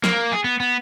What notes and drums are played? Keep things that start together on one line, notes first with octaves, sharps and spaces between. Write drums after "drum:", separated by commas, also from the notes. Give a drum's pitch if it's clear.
A#3, drum: snare
G#4
B3
B3